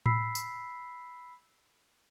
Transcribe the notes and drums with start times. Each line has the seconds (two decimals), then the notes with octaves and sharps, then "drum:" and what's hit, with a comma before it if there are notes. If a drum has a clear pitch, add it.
0.06 B5 E6 B6 C7, drum: tom A2
0.35 drum: tambourine